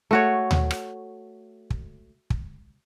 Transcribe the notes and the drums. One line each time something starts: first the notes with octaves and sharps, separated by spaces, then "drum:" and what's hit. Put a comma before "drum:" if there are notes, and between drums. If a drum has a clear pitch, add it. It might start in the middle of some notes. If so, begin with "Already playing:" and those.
A3 F#4 C#5
drum: tom D2
drum: rim click
drum: kick
drum: kick